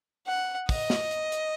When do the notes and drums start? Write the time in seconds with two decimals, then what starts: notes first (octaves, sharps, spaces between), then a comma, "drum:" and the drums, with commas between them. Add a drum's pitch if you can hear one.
0.27 F#5
0.69 D#5, drum: kick, open hi-hat
0.90 drum: snare
1.11 drum: hi-hat
1.32 drum: hi-hat